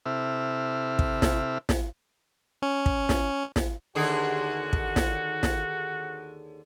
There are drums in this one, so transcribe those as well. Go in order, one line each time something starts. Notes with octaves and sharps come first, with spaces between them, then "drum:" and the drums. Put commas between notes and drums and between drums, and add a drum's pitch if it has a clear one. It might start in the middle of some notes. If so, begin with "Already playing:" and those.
C3 C4 E4 A4 E5 F6
drum: kick
drum: snare
drum: snare
C#4
drum: kick
drum: snare
drum: snare
D#2 D3 F#4 G#4
drum: kick
drum: snare
drum: snare